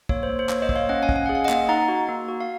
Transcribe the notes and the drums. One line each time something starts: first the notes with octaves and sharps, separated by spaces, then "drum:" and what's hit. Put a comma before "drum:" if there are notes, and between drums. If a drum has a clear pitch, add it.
A#3 C#5, drum: kick
C5
A#3
C5
A#3 C#5, drum: clap
C5 D#5
A#3, drum: kick
C#5 F5
C#4 D#5 F#5
F5 G#5
C#4, drum: kick
G#5
G#4 F#5
F5
D#5 F#5
A#3, drum: clap
D#4 F#5 A#5
F#4
A#3
F#4
F5